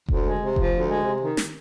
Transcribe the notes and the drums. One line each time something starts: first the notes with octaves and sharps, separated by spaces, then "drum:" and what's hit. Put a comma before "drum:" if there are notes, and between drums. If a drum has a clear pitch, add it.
D2, drum: kick F1
G#3
C3
F3, drum: kick F1
D2
G#3
C3
D#3
drum: snare